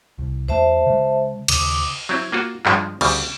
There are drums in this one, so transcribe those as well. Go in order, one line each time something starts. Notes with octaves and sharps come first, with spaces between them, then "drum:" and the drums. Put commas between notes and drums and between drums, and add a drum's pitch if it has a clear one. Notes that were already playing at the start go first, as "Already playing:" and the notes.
C2
E2 A3 C5 E5 A5
C#3 G#3
D#2 C#3 D6 D#6, drum: cymbal
F#3 C4 E4
A#3 F4 F#4
G2 F3 G#3, drum: clap
D2 C#3 G3, drum: cymbal